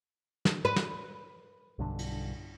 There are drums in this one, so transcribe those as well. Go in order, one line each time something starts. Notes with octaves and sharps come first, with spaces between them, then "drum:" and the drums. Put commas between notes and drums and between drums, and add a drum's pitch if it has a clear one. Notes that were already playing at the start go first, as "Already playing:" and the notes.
drum: snare
B4
drum: snare
B1 G2 D3
drum: cymbal